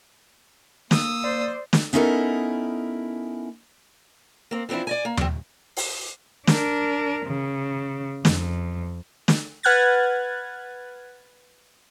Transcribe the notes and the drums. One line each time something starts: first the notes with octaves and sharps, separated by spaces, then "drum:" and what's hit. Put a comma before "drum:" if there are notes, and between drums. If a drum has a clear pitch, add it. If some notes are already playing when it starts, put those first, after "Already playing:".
A#3 D#6 E6, drum: snare
C5 D5
drum: snare
B3 C#4 D#4 E4 A4 A#4
A#3 C4
E3 F3 C4 D4 E4
D5 D#5 G#5
A#3
G3 C4, drum: tom D#2
drum: open hi-hat
D4 A#4, drum: snare
C#3
F2, drum: snare
drum: snare
B4 F#5 F6 F#6 G#6 A6